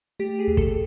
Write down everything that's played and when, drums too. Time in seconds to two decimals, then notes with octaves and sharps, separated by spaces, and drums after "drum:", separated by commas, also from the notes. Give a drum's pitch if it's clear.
0.19 A3 G4
0.39 G#4
0.47 D#2
0.57 A4, drum: kick